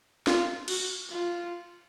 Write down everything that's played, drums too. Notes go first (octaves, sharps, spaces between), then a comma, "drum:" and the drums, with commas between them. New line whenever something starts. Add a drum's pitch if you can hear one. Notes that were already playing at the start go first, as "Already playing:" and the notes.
F4, drum: snare
F#4, drum: cymbal
F4